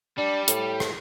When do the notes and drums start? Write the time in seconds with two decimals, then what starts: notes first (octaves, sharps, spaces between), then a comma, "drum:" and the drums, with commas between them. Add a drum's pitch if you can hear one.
0.18 G3 D4
0.48 A2, drum: hi-hat
0.80 drum: rim click